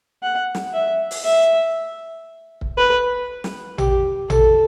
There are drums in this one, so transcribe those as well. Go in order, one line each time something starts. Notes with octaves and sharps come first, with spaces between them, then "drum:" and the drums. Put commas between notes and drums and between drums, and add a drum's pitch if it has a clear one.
F#5
drum: snare
E5
drum: open hi-hat
E5
drum: kick C#1
B4
drum: snare
G4, drum: tom A1
A4, drum: tom A1